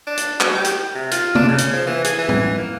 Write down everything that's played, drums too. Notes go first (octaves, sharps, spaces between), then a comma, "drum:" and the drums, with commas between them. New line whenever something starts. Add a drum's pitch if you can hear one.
D4
drum: hi-hat
F#3, drum: clap
G4
drum: hi-hat
C3
F4, drum: hi-hat
D4, drum: tom
C#3
drum: hi-hat
F3
E3
G#4, drum: hi-hat
E3
drum: tom
A#3